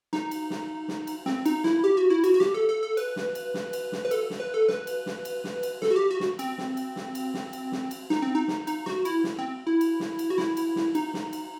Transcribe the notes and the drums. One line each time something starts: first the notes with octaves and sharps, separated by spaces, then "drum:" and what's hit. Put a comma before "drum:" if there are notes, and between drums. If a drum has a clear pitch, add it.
D#4, drum: snare
drum: cymbal
drum: snare
drum: snare
drum: cymbal
C4, drum: snare
D#4, drum: cymbal
E4, drum: snare
G4
F#4
E4
F#4, drum: cymbal
F#4
G4, drum: snare
A4
A4
A4
B4, drum: cymbal
drum: snare
drum: cymbal
drum: snare
drum: cymbal
drum: snare
B4
A4, drum: cymbal
drum: snare
B4
A4
B4, drum: snare
drum: cymbal
drum: snare
drum: cymbal
drum: snare
drum: cymbal
A4, drum: snare
F#4
G4
F#4
drum: snare
C4, drum: cymbal
drum: snare
drum: cymbal
drum: snare
drum: cymbal
drum: snare
drum: cymbal
drum: snare
drum: cymbal
D#4, drum: snare
C4
D#4
drum: snare
D#4, drum: cymbal
F#4, drum: snare
E4, drum: cymbal
drum: snare
C4
E4
drum: cymbal
drum: snare
drum: cymbal
F#4
E4, drum: snare
drum: cymbal
drum: snare
D#4, drum: cymbal
drum: snare
drum: cymbal